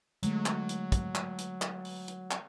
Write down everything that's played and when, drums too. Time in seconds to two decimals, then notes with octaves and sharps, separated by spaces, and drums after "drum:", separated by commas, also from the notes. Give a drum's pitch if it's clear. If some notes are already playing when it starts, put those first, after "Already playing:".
0.23 D3 F#3 G#3 A3, drum: hi-hat
0.46 drum: clap
0.69 drum: hi-hat
0.92 drum: kick, hi-hat
1.15 drum: clap
1.38 drum: hi-hat
1.62 drum: clap
1.85 drum: open hi-hat
2.08 drum: hi-hat
2.31 drum: clap